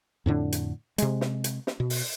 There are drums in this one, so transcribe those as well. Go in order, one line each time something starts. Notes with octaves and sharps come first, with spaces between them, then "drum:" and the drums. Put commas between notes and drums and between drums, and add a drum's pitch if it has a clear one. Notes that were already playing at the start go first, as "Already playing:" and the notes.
F2 A2 D3 D4
drum: hi-hat
C3 G#3, drum: hi-hat
drum: snare
drum: hi-hat
drum: snare
B2
drum: open hi-hat